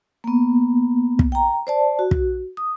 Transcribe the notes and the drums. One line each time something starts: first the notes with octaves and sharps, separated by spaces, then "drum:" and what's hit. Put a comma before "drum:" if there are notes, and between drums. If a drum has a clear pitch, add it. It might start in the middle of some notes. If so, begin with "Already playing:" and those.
A#3 B3
drum: kick
G5 A#5
C5 D5 A5
F#4
drum: kick
D#6